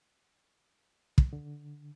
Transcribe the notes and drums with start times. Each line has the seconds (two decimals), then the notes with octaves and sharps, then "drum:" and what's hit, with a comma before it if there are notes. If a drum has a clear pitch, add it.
1.18 drum: kick
1.33 D3